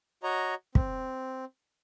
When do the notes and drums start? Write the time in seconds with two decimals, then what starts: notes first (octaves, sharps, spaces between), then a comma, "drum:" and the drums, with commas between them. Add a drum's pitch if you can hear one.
0.23 F#4 C#5 D#5 A#5
0.75 C4, drum: kick